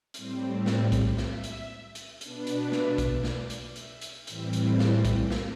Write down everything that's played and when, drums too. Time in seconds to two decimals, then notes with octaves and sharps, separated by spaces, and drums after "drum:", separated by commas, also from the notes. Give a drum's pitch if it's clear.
0.14 A2 G3 C4 C5, drum: hi-hat
0.66 D5, drum: snare
0.92 drum: kick, hi-hat
1.17 E5, drum: snare
1.44 drum: hi-hat
1.95 drum: hi-hat
2.21 B2 B3 D4, drum: hi-hat
2.47 drum: hi-hat
2.72 E5, drum: snare
2.98 drum: kick, hi-hat
3.24 D5, drum: snare
3.50 drum: hi-hat
3.76 E5, drum: hi-hat
4.01 drum: hi-hat
4.27 A2 E3 G3 C4 E5, drum: hi-hat
4.53 drum: hi-hat
4.79 E5, drum: snare
5.05 drum: kick, hi-hat
5.30 drum: snare